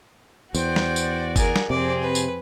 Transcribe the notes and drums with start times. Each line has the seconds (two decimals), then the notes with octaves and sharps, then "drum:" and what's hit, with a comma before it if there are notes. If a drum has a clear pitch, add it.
0.55 E2 F#4 C5 D5 G5, drum: tambourine
0.76 drum: snare
0.96 drum: tambourine
1.36 G#4 A#4, drum: kick G1, tambourine
1.56 drum: snare
1.70 F2 C3 C4 G#4 D5
2.02 B4
2.15 drum: tambourine